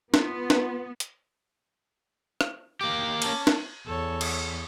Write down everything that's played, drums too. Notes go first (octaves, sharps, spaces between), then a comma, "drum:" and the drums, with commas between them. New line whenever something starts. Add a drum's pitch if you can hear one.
B3 F4, drum: snare
B4, drum: snare
drum: hi-hat
drum: rim click
A#3 G4 D6
C#4 A5, drum: cymbal
drum: snare
E2 A4 C#5
drum: cymbal